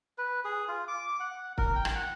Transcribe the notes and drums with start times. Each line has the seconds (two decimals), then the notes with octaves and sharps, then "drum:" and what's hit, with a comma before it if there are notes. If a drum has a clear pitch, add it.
0.18 B4
0.45 G#4
0.68 F4
0.88 D6
1.20 F#5
1.58 A#4, drum: kick
1.76 G5
1.85 drum: rim click
1.95 F#5